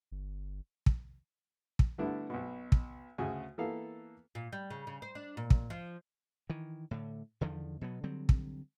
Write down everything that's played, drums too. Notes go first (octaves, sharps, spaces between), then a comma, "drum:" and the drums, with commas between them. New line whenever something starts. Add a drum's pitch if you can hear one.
G1
drum: kick
drum: kick
D3 G3 A3 B3 D4 E4
B1 B2
drum: kick
D2 C#3 F#4 G#5
E3 A#3 B3 A4 F5
A#2
G3
C#3
C#3
C5
D4
A#2
drum: kick
F3
D#3 E3
A2 D3
E2 D3 D#3 F3
B2 F#3 B3
D3 F#3 G3 C4
drum: kick